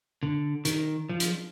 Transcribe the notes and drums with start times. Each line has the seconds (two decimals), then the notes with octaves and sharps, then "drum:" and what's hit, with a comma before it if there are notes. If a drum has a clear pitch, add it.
0.23 D3
0.65 D#3, drum: hi-hat
1.09 F3
1.20 drum: hi-hat